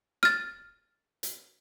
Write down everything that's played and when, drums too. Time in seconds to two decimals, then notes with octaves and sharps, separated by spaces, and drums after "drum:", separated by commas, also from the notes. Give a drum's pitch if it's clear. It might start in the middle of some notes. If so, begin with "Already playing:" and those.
0.23 F6 A6, drum: snare
1.23 drum: hi-hat